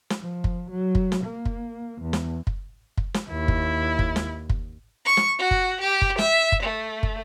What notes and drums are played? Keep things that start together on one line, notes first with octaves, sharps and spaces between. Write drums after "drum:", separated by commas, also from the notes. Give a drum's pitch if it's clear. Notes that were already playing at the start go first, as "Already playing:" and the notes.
drum: snare
F3
drum: kick
F#3
drum: kick
drum: snare
A#3
drum: kick
E2
drum: snare
drum: kick
drum: kick
drum: snare
D#2 E4
drum: kick
drum: kick
drum: snare
drum: kick
C#6
drum: snare
F#4
drum: kick
G4
drum: kick
E5, drum: snare
drum: kick
A3
drum: kick